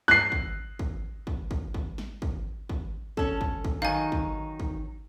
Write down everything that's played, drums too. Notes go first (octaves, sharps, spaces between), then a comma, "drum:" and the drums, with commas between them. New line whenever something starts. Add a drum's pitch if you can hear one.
F#6 C7, drum: snare
drum: kick
drum: kick
drum: kick
drum: kick
drum: kick
drum: snare
drum: kick
drum: kick
C#4 A4, drum: kick
drum: kick
drum: kick
D#3 F#3 D#4 F5 G#5
drum: kick
drum: kick